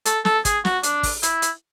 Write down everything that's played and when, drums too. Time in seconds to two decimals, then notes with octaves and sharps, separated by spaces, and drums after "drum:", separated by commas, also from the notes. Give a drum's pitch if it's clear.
0.06 A4, drum: hi-hat
0.25 A4, drum: snare
0.45 G#4, drum: kick, hi-hat
0.65 F#4, drum: snare
0.83 D4, drum: hi-hat
1.03 drum: kick, open hi-hat
1.23 E4, drum: hi-hat
1.42 drum: hi-hat